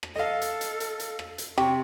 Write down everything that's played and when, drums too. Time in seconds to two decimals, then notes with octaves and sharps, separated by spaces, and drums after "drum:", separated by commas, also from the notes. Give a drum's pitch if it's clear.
0.03 drum: rim click
0.16 A4 D#5 F5
0.42 drum: hi-hat
0.61 drum: hi-hat
0.80 drum: hi-hat
1.00 drum: hi-hat
1.19 drum: rim click
1.38 drum: hi-hat
1.58 C3 G4 C#6, drum: rim click